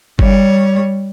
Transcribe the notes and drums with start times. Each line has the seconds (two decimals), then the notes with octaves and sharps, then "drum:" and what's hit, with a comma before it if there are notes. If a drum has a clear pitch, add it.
0.19 G3 C#5, drum: kick G1